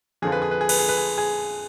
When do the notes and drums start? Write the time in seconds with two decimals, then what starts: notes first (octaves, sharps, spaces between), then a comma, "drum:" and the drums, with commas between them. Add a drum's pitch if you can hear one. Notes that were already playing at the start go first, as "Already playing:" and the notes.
0.22 F2 D3 F3 G#4
0.32 B4
0.42 G#4
0.51 B4
0.61 G#4
0.69 B4, drum: cymbal
0.79 G#4
0.89 B4
0.97 G#4
1.18 G#4